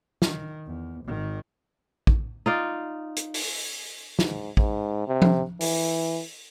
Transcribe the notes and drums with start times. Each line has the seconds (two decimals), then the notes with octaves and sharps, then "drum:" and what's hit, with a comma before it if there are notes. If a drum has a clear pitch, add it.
0.22 D#3, drum: snare
0.66 E2
1.05 G#1 D#3
2.07 drum: kick
2.46 D#4 F4 D5
3.16 drum: hi-hat
3.34 drum: open hi-hat
4.19 G#2, drum: snare
4.57 G#2, drum: kick
5.07 C3
5.22 drum: tom F3
5.60 E3, drum: open hi-hat